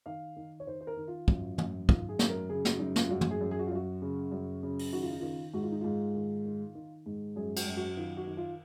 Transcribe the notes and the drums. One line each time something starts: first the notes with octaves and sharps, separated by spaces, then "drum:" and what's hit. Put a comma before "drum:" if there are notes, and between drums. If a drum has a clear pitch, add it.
D#3 F5
D#3
C#5
D#3 C5
C5
A#4
D#3
F4
F#2, drum: kick
F#2, drum: tom
D#3 F4, drum: kick
G#4
F#2, drum: snare
A#4
C#3 G#4
F#4, drum: snare
F#2 D#4
F4, drum: snare
F4
F#2 F#4
drum: tom
G#4
F#2
G#4
F#4
F4
F#2 F#4
C#3
F#2
C#3
drum: open hi-hat
D#3 F#4
F4
D#4
D#3 F4
G#2 F#4
F4
D#4
G#2 F4
D#3
D#3
D#3
G#2
F#2 G#4
F#4, drum: cymbal
F#2
F#4
D#3 F4
F#4
D#3
F4